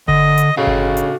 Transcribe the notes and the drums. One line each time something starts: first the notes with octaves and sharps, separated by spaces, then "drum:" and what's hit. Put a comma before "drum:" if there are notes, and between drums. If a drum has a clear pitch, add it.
D3 D#5, drum: kick G1
drum: hi-hat
C#3 F#4 A4 F5
drum: kick G1
drum: hi-hat